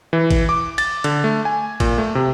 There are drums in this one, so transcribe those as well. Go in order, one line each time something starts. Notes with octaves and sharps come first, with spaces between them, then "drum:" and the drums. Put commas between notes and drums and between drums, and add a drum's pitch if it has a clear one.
E3
drum: kick, cymbal
D6
A6, drum: cymbal
D3, drum: cymbal
A3
G#5
A#2, drum: kick, cymbal
A3
C3